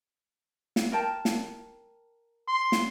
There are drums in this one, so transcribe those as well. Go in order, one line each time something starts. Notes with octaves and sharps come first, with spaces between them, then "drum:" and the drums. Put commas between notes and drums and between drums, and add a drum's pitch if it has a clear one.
drum: snare
A#4 G5 A5
drum: snare
C6
drum: snare